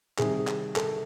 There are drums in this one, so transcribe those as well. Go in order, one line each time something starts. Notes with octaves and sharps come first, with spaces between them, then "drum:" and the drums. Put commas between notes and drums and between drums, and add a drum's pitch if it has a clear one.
C3 D#3 G3 G#4, drum: clap
drum: clap
A4, drum: clap